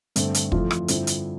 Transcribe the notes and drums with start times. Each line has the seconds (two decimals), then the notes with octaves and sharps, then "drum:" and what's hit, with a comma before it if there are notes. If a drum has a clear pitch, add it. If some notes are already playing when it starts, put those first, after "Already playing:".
0.16 G2 D3 A3 C4 A4, drum: hi-hat
0.34 A4, drum: hi-hat
0.52 F2 E3 A3 C4 F4, drum: kick
0.71 drum: rim click
0.88 G2 D3 F3 C4 E4, drum: hi-hat
1.07 drum: hi-hat